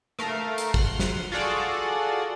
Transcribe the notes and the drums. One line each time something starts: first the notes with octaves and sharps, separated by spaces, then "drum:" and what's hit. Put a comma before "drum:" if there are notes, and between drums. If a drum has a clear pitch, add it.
A3 A#4 F5, drum: rim click
drum: hi-hat
F#5 C6 F6, drum: kick
drum: snare
F4 F#4 G#4 A4 D5 F#5